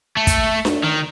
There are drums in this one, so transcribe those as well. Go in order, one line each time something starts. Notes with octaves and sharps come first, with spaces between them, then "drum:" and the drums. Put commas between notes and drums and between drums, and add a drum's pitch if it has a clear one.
A3
drum: kick, hi-hat
drum: snare D4
D#3